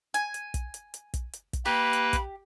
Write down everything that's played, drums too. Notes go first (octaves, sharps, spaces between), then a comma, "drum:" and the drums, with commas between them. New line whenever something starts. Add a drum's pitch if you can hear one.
G#5, drum: hi-hat
drum: hi-hat
drum: kick, hi-hat
drum: hi-hat
drum: hi-hat
drum: kick, hi-hat
drum: hi-hat
drum: kick, hi-hat
A#3 G4 B4 B5
drum: hi-hat
drum: kick, hi-hat